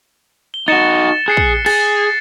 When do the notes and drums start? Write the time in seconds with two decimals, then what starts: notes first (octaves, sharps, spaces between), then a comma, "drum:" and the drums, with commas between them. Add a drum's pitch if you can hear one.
0.54 G7
0.68 D#4 F#4 A6 C#7 E7
1.28 G#4 F#6 C7 C#7
1.37 drum: kick
1.66 G#4 A6, drum: cymbal